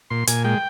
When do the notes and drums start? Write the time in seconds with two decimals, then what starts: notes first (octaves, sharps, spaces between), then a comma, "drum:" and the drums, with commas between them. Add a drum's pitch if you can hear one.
0.10 A#2 C6
0.27 A#2 G#5, drum: hi-hat
0.44 G#3 G5